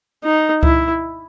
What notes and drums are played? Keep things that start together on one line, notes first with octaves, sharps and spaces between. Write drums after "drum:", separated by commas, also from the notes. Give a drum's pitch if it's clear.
D#4
E4, drum: kick C#2